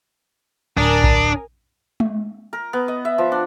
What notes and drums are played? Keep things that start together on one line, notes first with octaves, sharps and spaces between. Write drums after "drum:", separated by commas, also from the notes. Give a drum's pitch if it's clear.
D1 D4 A#4 G#5 D#6
drum: kick A#1
drum: tom G#3
A#4
B3
D#5
E5
F3
D4